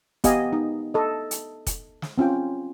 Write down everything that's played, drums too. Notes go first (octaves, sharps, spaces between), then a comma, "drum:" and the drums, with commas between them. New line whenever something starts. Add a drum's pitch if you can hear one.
B3 G4 D#5 F5 G#5, drum: kick F1, hi-hat
D#4
A4 D#5
drum: hi-hat
drum: kick F1, hi-hat
drum: snare
C4 C#4 F4 G5